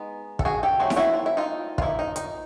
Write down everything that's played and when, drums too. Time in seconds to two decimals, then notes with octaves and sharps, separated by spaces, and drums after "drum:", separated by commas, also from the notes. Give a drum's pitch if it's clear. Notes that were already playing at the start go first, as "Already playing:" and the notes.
Already playing: G#3 B3 D#4
0.39 A4, drum: kick
0.45 F#4 G#4
0.63 G4 A4
0.79 F#3 A3 C4 D#4 F#4 G#4
0.90 G4, drum: snare E4
0.96 E4 F#4
1.14 F4
1.26 E4
1.37 D#4 F4
1.78 F4, drum: kick
1.82 F3 A#3 D#4 E4
1.99 D#4
2.16 D#4, drum: hi-hat